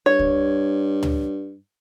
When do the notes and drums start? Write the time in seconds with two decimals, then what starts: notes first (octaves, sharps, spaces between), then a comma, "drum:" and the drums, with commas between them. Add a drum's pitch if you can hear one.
0.06 G2 C#5
0.19 drum: kick C#2
1.03 drum: tom